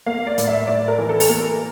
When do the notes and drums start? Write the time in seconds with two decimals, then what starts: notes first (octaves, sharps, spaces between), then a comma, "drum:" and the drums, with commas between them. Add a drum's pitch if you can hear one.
0.06 A#3 F5
0.27 D5
0.38 A2, drum: hi-hat
0.47 E5
0.67 A2 D5
0.88 A#4
0.98 E3
1.09 A4
1.20 A4, drum: open hi-hat
1.29 A#3 A#4